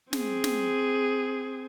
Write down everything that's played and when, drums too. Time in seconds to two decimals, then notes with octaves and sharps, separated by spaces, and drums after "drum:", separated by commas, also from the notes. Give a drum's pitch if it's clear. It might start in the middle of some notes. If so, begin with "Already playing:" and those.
0.13 C4 G#4, drum: snare
0.44 drum: snare